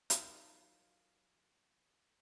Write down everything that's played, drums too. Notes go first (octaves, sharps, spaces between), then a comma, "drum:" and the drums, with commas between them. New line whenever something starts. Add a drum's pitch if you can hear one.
D#3 F#3 F4, drum: hi-hat